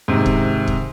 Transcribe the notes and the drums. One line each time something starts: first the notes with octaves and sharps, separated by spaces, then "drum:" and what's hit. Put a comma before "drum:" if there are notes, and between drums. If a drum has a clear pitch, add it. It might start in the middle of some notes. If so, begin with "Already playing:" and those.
G#2 C3 D#3
drum: kick
drum: kick